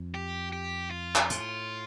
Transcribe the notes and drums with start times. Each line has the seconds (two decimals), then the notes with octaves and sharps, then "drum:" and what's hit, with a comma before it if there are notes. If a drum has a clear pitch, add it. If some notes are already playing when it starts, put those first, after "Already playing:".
Already playing: F2
0.14 G4
0.52 G4
0.91 F4
1.16 drum: clap
1.30 A2, drum: hi-hat